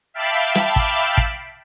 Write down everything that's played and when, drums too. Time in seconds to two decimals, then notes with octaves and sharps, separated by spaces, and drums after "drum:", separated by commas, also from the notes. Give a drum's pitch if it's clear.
0.14 E5 F5 G5 A5 B5 D6
0.55 drum: snare
0.76 drum: kick
1.17 drum: kick